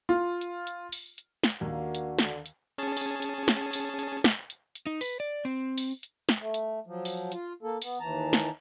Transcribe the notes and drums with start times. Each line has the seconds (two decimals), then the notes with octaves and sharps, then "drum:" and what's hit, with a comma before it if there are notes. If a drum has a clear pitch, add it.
0.09 F4
0.41 drum: hi-hat
0.67 drum: hi-hat
0.92 drum: open hi-hat
1.18 drum: hi-hat
1.44 drum: snare
1.61 D#2 A#3 D4 F#4
1.95 drum: hi-hat
2.19 D3, drum: snare
2.46 drum: hi-hat
2.78 C#4 G#4 A5
2.97 drum: open hi-hat
3.22 drum: hi-hat
3.48 drum: snare
3.73 drum: open hi-hat
3.99 drum: hi-hat
4.24 drum: snare
4.50 drum: hi-hat
4.75 drum: hi-hat
4.87 D#4
5.01 B4, drum: open hi-hat
5.20 D5
5.45 C4
5.78 drum: open hi-hat
6.03 drum: hi-hat
6.29 drum: snare
6.40 A3
6.54 drum: hi-hat
6.87 F3 F#3
7.05 drum: open hi-hat
7.32 F4, drum: hi-hat
7.63 A#3 A4
7.82 B3, drum: open hi-hat
8.00 D#2 E3 A5 A#5
8.33 drum: snare